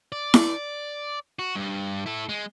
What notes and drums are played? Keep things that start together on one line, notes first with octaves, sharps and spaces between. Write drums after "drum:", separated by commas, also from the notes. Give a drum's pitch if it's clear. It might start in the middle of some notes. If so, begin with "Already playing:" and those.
D5
drum: snare E4
F#4
G2
E4 A4
G#3